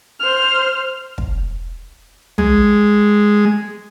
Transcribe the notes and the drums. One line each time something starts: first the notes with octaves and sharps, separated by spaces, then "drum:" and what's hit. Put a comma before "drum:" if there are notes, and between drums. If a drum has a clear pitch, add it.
C5 F6
drum: kick
G#3, drum: tom